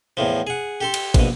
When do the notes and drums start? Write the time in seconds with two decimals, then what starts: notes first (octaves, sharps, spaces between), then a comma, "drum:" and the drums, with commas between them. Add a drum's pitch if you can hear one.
0.17 E2 A2 F3
0.47 G#4 F#5
0.81 G4 A4 C6
0.94 drum: cymbal
1.14 A#1 B2, drum: kick, cymbal